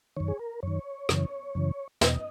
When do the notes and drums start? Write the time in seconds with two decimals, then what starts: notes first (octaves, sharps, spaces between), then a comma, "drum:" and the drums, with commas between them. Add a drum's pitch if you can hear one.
0.17 F#2 D#3 C#5
0.28 G#4
0.39 A#4
0.63 F#2 D#3 C#5
1.09 F#2 C#3 E3, drum: rim click
1.55 F#2 C#3 E3
2.01 E2 B2 D#5, drum: snare